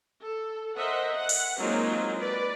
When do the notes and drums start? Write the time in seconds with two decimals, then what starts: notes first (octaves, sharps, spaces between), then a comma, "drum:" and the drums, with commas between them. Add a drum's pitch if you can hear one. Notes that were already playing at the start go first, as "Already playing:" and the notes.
0.22 A4
0.75 A#4 C5 D#5 E5 F#5
1.13 F#5
1.29 drum: open hi-hat
1.58 F#3 G#3 A#3 C4 D#4 F4
2.18 B4 D5